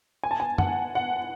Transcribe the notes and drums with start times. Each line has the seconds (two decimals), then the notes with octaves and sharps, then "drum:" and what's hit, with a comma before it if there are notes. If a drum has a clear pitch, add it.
0.24 G#5
0.31 A5
0.40 G#5
0.58 F#5, drum: tom
0.95 F#5